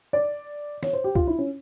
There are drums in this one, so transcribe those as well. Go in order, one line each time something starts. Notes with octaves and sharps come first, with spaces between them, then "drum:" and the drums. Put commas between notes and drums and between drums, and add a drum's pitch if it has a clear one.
D5
C#5, drum: snare
C5
G4
F4, drum: kick C#2
E4
C#4